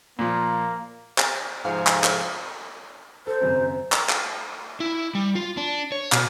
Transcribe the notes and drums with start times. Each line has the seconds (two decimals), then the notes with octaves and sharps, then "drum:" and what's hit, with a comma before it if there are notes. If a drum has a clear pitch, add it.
0.19 A#2 F3 A#3
1.18 drum: clap
1.65 G#2 C3 F3 C4 G#4 F5
1.87 drum: clap
2.04 drum: clap
3.27 A4 C5
3.41 G#1 F#2 C#3
3.92 drum: clap
4.09 drum: clap
4.80 E4
5.15 G3
5.35 F4
5.57 D4
5.92 C#5
6.12 B2, drum: clap